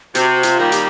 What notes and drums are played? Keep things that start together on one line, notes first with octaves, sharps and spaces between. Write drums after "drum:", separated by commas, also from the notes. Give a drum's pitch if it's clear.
C3 F#4, drum: hi-hat
F4, drum: hi-hat
D#3 G3 A#3
G4, drum: hi-hat